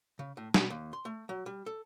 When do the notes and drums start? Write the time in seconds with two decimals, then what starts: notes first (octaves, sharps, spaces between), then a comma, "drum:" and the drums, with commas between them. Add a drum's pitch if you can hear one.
0.19 C#3
0.37 A2
0.54 B2, drum: snare
0.70 D#2
0.93 C6
1.05 A3
1.29 F#3
1.46 G3
1.66 A4